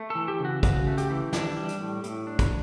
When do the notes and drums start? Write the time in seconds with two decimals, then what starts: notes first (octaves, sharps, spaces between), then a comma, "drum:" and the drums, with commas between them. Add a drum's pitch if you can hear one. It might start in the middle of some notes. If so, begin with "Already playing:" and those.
Already playing: A3
0.10 E3 A4
0.28 G4
0.40 C#3 F#4
0.63 C#3 F#4, drum: kick, hi-hat
0.87 A3
0.98 G4, drum: hi-hat
1.10 E3
1.33 D4, drum: snare
1.57 G3
1.69 drum: hi-hat
1.81 A2
2.04 A2, drum: hi-hat
2.27 D4
2.39 drum: kick, hi-hat